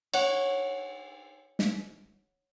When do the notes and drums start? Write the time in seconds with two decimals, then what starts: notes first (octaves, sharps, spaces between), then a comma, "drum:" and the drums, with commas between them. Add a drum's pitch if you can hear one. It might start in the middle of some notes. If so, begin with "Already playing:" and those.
0.14 C#5 F#5, drum: cymbal
1.59 drum: snare